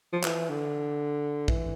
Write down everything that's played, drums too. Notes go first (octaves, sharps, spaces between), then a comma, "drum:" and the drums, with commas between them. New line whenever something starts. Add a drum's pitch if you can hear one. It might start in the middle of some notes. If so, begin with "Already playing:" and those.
F3
E3, drum: clap
D3
E3, drum: kick